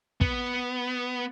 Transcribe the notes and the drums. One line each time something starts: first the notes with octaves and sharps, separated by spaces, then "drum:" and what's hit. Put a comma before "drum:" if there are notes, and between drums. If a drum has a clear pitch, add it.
B3, drum: kick